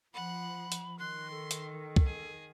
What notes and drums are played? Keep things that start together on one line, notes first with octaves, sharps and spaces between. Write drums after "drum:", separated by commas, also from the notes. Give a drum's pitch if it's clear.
F3 F#5 B5
drum: hi-hat
D#3 C6 F#6
A4
drum: hi-hat
drum: kick
G#4